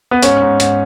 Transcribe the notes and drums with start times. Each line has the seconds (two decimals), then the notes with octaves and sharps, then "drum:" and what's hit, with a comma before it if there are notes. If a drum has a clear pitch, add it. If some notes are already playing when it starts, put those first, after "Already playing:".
0.11 B3
0.22 G#2 C#4, drum: hi-hat
0.42 G#2
0.60 G#2, drum: hi-hat